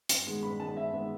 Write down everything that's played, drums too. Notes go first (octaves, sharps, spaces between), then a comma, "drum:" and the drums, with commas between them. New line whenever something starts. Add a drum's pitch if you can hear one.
G2, drum: hi-hat
D#3 G#3 B3
G2 B5
D#3 G#3 B3 A5
G2 E5
D#3 G#3 B3